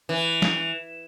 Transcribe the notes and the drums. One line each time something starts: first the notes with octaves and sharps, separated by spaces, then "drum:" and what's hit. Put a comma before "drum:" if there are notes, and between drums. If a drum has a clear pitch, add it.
E3
drum: snare